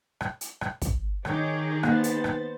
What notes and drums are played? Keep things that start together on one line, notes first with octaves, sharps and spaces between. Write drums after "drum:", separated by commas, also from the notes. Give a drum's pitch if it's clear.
drum: rim click
drum: hi-hat
drum: rim click
drum: kick, hi-hat
D#3 D#4 G#4 C#5 D6 G6, drum: rim click
A#3 B3 C5 A6, drum: rim click
drum: hi-hat
drum: rim click